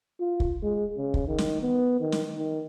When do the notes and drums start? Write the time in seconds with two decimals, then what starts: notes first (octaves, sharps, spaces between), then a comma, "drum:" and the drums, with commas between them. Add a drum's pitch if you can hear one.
0.21 F4
0.40 drum: kick
0.63 G#3
0.97 C#3
1.14 drum: kick
1.28 D#3
1.38 drum: snare
1.62 B3
2.00 D#3
2.12 drum: snare
2.37 D#3